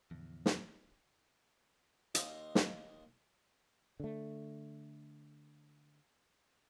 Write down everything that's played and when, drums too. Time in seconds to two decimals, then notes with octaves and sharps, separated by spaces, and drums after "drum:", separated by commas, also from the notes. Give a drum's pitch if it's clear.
0.11 E2 A2 D3 F3
0.46 drum: snare
2.15 D#2 D#5 F5 C6, drum: hi-hat
2.55 drum: snare
4.00 D3 A3